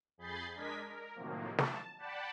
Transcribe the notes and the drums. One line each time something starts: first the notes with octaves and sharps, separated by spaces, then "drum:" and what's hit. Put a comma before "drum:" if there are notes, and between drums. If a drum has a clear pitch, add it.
F2 G#4 B5 G6 A6 C7
G#3 D4 A#4 D#5 G#6 B6
A#4
A2 C3 D#3 F3 F#3 A#3
A5, drum: snare
D5 F#5 G5 A5 B5